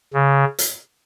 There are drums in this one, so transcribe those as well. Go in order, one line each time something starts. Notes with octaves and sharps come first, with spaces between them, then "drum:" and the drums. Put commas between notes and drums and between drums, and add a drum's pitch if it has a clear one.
C#3
drum: hi-hat